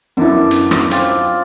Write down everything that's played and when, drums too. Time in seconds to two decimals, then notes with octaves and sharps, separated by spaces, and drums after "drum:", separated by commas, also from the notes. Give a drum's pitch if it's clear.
0.17 F#2 B2 D3 E4
0.51 drum: hi-hat
0.71 drum: rim click
0.91 C4 F4 D5, drum: hi-hat